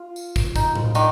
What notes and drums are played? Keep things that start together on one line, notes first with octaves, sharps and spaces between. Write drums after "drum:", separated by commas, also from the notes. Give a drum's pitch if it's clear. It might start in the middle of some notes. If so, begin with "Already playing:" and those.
Already playing: F4
drum: tambourine
drum: kick, tambourine
D#4, drum: kick, tambourine
drum: tom A2
D#3 D4, drum: tambourine